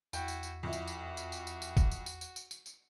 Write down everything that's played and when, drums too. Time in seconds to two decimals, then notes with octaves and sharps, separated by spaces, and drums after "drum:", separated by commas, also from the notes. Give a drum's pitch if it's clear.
0.13 E2 E4 F#4 G5, drum: tambourine
0.28 drum: tambourine
0.43 drum: tambourine
0.63 F2 E4 F#4
0.73 drum: tambourine
0.88 drum: tambourine
1.17 drum: tambourine
1.32 drum: tambourine
1.47 drum: tambourine
1.62 drum: tambourine
1.77 drum: kick G1, tambourine
1.91 drum: tambourine
2.06 drum: tambourine
2.21 drum: tambourine
2.36 drum: tambourine
2.51 drum: tambourine
2.66 drum: tambourine